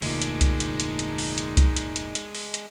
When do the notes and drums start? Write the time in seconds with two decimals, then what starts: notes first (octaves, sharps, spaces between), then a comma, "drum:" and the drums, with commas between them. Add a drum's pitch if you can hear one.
0.02 F1 D2 A#2 G#3 D4 D#4, drum: open hi-hat
0.22 drum: hi-hat
0.41 drum: kick C2, hi-hat
0.60 drum: hi-hat
0.80 drum: hi-hat
0.99 drum: hi-hat
1.18 drum: open hi-hat
1.38 drum: hi-hat
1.57 drum: kick C2, hi-hat
1.76 drum: hi-hat
1.96 drum: hi-hat
2.15 drum: hi-hat
2.35 drum: open hi-hat
2.54 drum: hi-hat